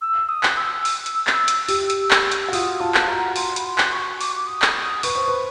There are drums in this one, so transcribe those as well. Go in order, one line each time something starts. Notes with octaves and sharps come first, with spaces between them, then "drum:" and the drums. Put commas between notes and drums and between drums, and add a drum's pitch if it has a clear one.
E6
D#6
drum: clap
E6
drum: open hi-hat
drum: hi-hat
drum: clap
drum: hi-hat
G4, drum: open hi-hat
drum: hi-hat
drum: clap
drum: hi-hat
F#4
F4 D#6, drum: open hi-hat
F4 A5
drum: clap
F#4 A#5
C6, drum: open hi-hat
B5, drum: hi-hat
C6
drum: clap
C#6
D6, drum: open hi-hat
D6
D#6
drum: clap
D#6
B4 C#6, drum: open hi-hat
C5
B4